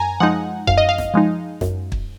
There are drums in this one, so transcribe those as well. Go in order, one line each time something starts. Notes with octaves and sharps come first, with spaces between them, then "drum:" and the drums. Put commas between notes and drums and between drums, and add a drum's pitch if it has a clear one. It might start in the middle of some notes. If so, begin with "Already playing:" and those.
Already playing: F#2 G#5 A#5
F3 G#3 D#4 F#5
F#2 F5, drum: kick
D#5
F5
drum: snare
F3 G#3 D#4
F#2, drum: snare
drum: kick